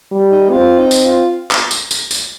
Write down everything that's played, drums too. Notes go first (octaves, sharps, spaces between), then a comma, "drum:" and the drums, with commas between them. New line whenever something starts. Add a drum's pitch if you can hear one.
G3
D#4
C4 F4
D#4
drum: tambourine
F4
drum: clap
drum: tambourine
drum: tambourine
drum: tambourine